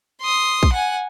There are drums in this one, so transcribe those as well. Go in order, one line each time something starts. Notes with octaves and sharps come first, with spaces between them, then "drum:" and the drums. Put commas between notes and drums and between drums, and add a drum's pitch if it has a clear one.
C6 D#6
drum: kick
F#5 G#5